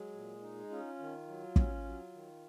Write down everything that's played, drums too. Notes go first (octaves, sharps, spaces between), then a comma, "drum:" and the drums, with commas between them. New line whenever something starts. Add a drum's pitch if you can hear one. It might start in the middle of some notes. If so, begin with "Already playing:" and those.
Already playing: F#3 G#3 G#4
A#2
D#4
C#4 F4
D#3
F#3
C#4, drum: kick
F#3
D#3